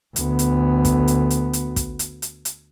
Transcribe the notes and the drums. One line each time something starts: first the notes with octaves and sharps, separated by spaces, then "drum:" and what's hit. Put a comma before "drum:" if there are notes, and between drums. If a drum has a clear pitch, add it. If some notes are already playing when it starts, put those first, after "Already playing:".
D2 B3, drum: hi-hat
drum: hi-hat
drum: kick, hi-hat
drum: hi-hat
drum: hi-hat
drum: hi-hat
drum: kick, hi-hat
drum: hi-hat
drum: hi-hat
drum: hi-hat